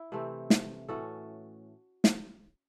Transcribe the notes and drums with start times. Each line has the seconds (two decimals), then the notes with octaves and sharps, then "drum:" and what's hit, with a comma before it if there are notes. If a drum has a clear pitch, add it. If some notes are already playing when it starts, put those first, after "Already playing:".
Already playing: E4
0.12 C3 E3 A3 C4
0.50 drum: snare
0.88 A2 E3 A3 C#4 F#4 A4
2.04 drum: snare